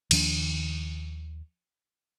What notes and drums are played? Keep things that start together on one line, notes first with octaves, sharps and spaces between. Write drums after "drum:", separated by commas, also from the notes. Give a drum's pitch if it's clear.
D#2 D#3 F3 D4, drum: cymbal